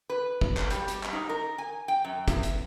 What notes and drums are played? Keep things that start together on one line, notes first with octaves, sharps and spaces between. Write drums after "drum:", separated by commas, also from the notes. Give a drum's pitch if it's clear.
B4
drum: kick
drum: clap
G3, drum: hi-hat
drum: hi-hat
drum: clap
D#4
A#4
G#5
G5
F#2
E2, drum: kick, hi-hat
drum: hi-hat